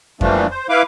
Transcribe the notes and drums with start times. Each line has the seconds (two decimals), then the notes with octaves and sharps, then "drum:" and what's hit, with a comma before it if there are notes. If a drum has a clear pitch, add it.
0.21 E3 F3 G3 A3 A#3 D4, drum: kick F2
0.50 C5
0.69 E4 B4 F5 D6